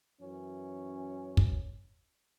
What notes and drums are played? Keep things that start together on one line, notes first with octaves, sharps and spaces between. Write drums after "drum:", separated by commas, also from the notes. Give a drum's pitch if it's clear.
F#2 E3 C#4
drum: kick